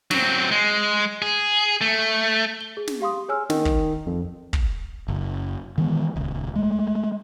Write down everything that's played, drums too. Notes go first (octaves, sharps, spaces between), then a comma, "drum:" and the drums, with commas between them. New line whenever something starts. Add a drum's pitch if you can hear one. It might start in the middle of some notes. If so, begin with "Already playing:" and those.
F#3 C4, drum: snare
G#3
G#4
A3
G7
G#4
drum: snare
G4 F5 C6 D#6
G#4 C#5 G#5 E6 F6
D#3, drum: snare
drum: kick
F2
drum: kick
F#1
D#3 E3 G#3 B3
D#1 C#2
G#3 A3